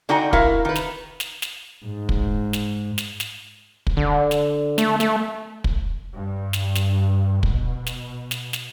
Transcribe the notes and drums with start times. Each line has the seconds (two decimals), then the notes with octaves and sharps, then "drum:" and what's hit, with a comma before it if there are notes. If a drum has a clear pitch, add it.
0.09 D3 D#4 F#4 G5 G#5 A#5
0.33 E4 F#4 A#4 F5, drum: kick
0.65 D#3 B4
0.76 drum: snare
1.20 drum: snare
1.42 drum: snare
1.86 G#2
2.09 drum: kick
2.53 drum: snare
2.98 drum: snare
3.20 drum: snare
3.87 drum: kick
3.97 D3
4.31 drum: snare
4.78 A3, drum: snare
5.00 A3, drum: snare
5.64 drum: kick
6.15 G2
6.53 drum: snare
6.75 drum: snare
7.43 B2, drum: kick
7.87 drum: snare
8.31 drum: snare
8.53 drum: snare